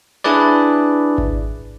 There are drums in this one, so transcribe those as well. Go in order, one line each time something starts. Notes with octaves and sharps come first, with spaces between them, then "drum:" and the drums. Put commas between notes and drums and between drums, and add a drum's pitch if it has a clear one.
D4 E4 G#4 B4 D5
drum: kick G#1